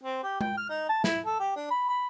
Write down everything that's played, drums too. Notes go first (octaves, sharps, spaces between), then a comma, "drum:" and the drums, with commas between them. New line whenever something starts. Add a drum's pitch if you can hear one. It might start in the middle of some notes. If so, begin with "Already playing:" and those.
C4
G4
G5, drum: tom G#3
F6
D#4
A5
E4, drum: snare
A4
G4
D4
B5
B5